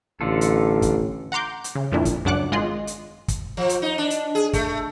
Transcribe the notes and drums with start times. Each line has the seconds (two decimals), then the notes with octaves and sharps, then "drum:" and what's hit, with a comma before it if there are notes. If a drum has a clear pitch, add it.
0.21 A1 D3 F4 A4
0.41 drum: hi-hat
0.82 drum: kick, hi-hat
1.32 F#5 A#5 C6 D6 G6
1.64 drum: hi-hat
1.75 C#3
1.92 F2 A#2 D4 E4
2.05 drum: kick, hi-hat
2.25 C#2 F#2 D4 F#5 D6 F#6
2.52 G#1 G#3 F4 D#5 C6 F#6
2.87 drum: hi-hat
3.28 drum: kick, hi-hat
3.57 F3
3.69 drum: hi-hat
3.82 D#4
3.98 D4
4.10 drum: hi-hat
4.35 G#4
4.53 A3, drum: kick, hi-hat